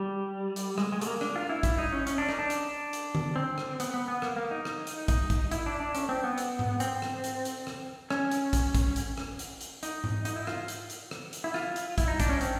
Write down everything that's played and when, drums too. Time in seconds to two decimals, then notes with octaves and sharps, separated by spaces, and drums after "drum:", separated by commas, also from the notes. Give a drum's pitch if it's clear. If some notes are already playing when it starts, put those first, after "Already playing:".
Already playing: G3
0.56 drum: hi-hat
0.78 G#3, drum: rim click
0.92 G#3
1.01 A3, drum: hi-hat
1.07 A#3
1.21 D4, drum: rim click
1.36 F4
1.49 E4
1.63 E4, drum: kick, hi-hat
1.78 D#4
1.93 C#4
2.07 C#4, drum: hi-hat
2.18 D4
2.29 D#4, drum: rim click
2.39 D4
2.50 drum: hi-hat
2.93 drum: hi-hat
3.15 drum: tom D3
3.36 C4
3.58 drum: rim click
3.80 B3, drum: hi-hat
3.94 B3
4.08 B3
4.22 A#3, drum: rim click
4.36 A#3
4.51 D#4
4.65 drum: rim click
4.87 drum: hi-hat
5.08 D#4, drum: kick, hi-hat
5.30 drum: kick, hi-hat
5.51 E4, drum: hi-hat
5.66 D4
5.80 D4
5.95 C#4, drum: hi-hat
6.09 C4
6.24 B3
6.38 drum: hi-hat
6.59 drum: tom G#2
6.80 C4, drum: hi-hat
7.02 drum: rim click
7.24 drum: hi-hat
7.45 drum: hi-hat
7.67 drum: rim click
8.11 C#4, drum: rim click
8.31 drum: hi-hat
8.53 drum: kick, hi-hat
8.75 drum: kick, hi-hat
8.96 drum: hi-hat
9.18 drum: rim click
9.39 drum: hi-hat
9.61 drum: hi-hat
9.83 D#4, drum: hi-hat
10.04 drum: tom G#2
10.25 D#4, drum: hi-hat
10.36 E4
10.47 F4, drum: rim click
10.68 drum: hi-hat
10.90 drum: hi-hat
11.11 drum: rim click
11.33 drum: hi-hat
11.44 E4
11.54 F4, drum: rim click
11.76 drum: hi-hat
11.98 E4, drum: kick, hi-hat
12.08 D#4
12.20 D4, drum: kick, hi-hat
12.29 C#4
12.41 C4, drum: hi-hat